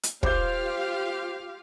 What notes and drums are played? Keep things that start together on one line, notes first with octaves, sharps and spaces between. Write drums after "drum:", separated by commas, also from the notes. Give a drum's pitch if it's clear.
drum: hi-hat
F4 G4 C5 F5 D6 G6, drum: kick